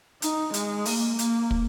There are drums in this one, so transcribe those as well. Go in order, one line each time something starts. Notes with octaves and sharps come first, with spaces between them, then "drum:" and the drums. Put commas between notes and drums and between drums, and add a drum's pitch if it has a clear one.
D#4, drum: hi-hat
G#3, drum: hi-hat
A#3, drum: open hi-hat
A#3, drum: hi-hat
drum: kick